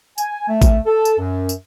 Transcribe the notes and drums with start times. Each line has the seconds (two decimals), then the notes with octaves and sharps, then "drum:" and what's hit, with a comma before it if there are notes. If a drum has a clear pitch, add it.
0.18 G#5, drum: tambourine
0.48 A3
0.62 drum: kick, tambourine
0.86 A4
1.05 drum: tambourine
1.19 F#2
1.49 drum: tambourine